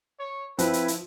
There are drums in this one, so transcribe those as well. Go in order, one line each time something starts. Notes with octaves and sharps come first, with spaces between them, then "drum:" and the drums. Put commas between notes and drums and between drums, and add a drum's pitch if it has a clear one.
C#5
F3 C4 E4 B4, drum: hi-hat
drum: hi-hat
drum: hi-hat